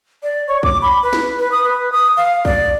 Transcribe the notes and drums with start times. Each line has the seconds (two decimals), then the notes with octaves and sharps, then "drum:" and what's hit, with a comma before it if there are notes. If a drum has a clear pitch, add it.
0.23 D5
0.48 C#5
0.63 D6, drum: kick B1
0.82 B5
1.03 B4
1.13 drum: snare
1.39 B4
1.52 D#6
1.64 B4
1.92 D#6
2.17 F5
2.45 D5, drum: kick B1